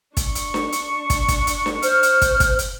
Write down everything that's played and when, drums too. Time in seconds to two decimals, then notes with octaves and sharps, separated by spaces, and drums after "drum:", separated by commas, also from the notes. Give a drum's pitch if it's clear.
0.17 D4 C#6, drum: kick, hi-hat
0.35 drum: hi-hat
0.54 drum: snare D4
0.73 drum: hi-hat
1.10 drum: kick, hi-hat
1.28 drum: kick, hi-hat
1.47 drum: hi-hat
1.66 drum: snare D4
1.83 C5 F6, drum: hi-hat
2.03 drum: hi-hat
2.22 drum: kick, hi-hat
2.40 drum: kick, hi-hat
2.59 drum: hi-hat